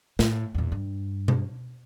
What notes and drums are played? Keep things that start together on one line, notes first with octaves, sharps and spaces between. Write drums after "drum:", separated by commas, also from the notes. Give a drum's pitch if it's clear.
A2, drum: snare
E2 A#2
G2
drum: tom B2